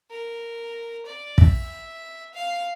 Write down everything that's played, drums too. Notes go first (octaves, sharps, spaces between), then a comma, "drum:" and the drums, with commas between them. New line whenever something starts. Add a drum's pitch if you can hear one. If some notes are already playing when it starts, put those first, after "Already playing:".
A#4
D5
E5, drum: kick
F5